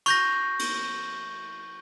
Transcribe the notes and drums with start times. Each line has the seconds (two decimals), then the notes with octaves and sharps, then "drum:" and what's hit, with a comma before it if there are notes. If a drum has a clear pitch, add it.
0.06 C#6 G6 A#6, drum: cymbal
0.59 drum: cymbal